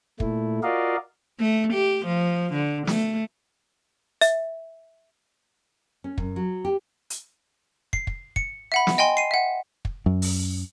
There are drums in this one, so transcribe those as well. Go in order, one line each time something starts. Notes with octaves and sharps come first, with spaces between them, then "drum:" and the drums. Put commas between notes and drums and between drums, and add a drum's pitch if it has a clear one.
A#2 A3 E4, drum: kick
F4 F#4 A#4 D5 D#5 F5
A3
G4
F3
D3
A3, drum: snare
E5, drum: hi-hat
C#4
F#2, drum: kick
F#3
G4
drum: hi-hat
C7, drum: kick
drum: kick
C#7, drum: kick
E5 F#5 B5
drum: snare
D#5 G5 G#5 C6
C7 D#7
E5 F#5
drum: kick
F#2
drum: open hi-hat